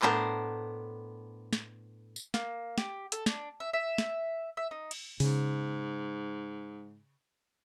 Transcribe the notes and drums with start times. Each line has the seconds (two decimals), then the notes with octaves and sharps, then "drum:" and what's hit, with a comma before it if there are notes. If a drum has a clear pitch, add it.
0.02 A2 B3 D4 A#4 C5, drum: clap
1.53 drum: snare
2.16 drum: tambourine
2.34 A#3, drum: snare
2.78 G4, drum: snare
3.12 A4, drum: hi-hat
3.26 D4, drum: snare
3.60 E5
3.73 E5
3.98 drum: snare
4.57 E5
4.71 D#4
4.91 drum: cymbal
5.20 G#2 C#3, drum: open hi-hat